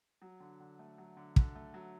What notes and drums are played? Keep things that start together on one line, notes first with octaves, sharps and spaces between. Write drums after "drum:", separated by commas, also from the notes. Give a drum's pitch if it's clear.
F#3
D3
D3
A3
F#3
D3
D3, drum: kick
A3
F#3